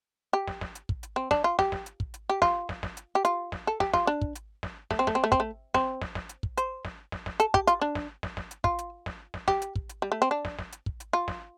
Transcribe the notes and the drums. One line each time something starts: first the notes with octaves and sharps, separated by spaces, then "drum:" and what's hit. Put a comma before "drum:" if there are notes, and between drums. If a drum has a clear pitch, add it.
G4
drum: snare
drum: snare
drum: hi-hat
drum: kick
drum: hi-hat
C4
D4, drum: snare
F4
G4, drum: snare
drum: snare
drum: hi-hat
drum: kick
drum: hi-hat
G4
F4, drum: snare
drum: snare
drum: snare
drum: hi-hat
G4
F4, drum: hi-hat
drum: snare
A4
G4, drum: snare
F4, drum: snare
D4
drum: kick
drum: hi-hat
drum: snare
A3, drum: snare
C4
A3, drum: snare
C4
A3
C4, drum: kick
A3
C4, drum: snare
drum: snare
drum: snare
drum: hi-hat
drum: kick
C5, drum: hi-hat
drum: snare
drum: snare
drum: snare
A4, drum: hi-hat
G4, drum: kick
F4, drum: hi-hat
D4
drum: snare
drum: snare
drum: snare
drum: hi-hat
F4, drum: kick
drum: hi-hat
drum: snare
drum: snare
G4, drum: snare
drum: hi-hat
drum: kick
drum: hi-hat
G3
A3
C4
D4
drum: snare
drum: snare
drum: hi-hat
drum: kick
drum: hi-hat
F4
drum: snare